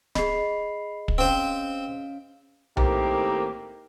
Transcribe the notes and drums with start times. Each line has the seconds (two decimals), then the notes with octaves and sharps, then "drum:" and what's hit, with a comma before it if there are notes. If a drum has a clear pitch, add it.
0.15 G#4 D#5 B5 C7, drum: snare D1
1.08 drum: kick
1.18 C4 C#4 C5 F5 D7
2.77 A2 D#3 A#3 C4 D#4 G4, drum: tom B1